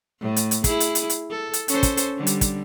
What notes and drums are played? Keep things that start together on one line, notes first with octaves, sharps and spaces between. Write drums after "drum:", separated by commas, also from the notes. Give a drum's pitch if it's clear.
A2 A3
drum: hi-hat
drum: hi-hat
E4 G#4, drum: kick, hi-hat
drum: hi-hat
drum: hi-hat
drum: hi-hat
A4
drum: hi-hat
C#4 A4 C5, drum: hi-hat
drum: kick, hi-hat
drum: hi-hat
D3 G3
drum: hi-hat
drum: kick, hi-hat